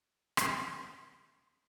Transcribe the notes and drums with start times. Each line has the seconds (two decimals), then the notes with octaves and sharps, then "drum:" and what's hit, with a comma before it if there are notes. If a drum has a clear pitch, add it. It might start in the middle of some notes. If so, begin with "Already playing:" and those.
0.01 C#5 F5
0.37 drum: rim click